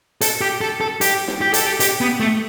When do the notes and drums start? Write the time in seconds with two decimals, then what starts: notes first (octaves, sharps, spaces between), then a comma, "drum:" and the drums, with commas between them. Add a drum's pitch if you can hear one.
0.21 A4, drum: hi-hat
0.41 G4
0.61 A4
0.81 A4
1.01 G4, drum: hi-hat
1.28 drum: snare
1.41 G4
1.54 A4, drum: hi-hat
1.66 G4
1.80 G4, drum: hi-hat
2.01 B3
2.20 A3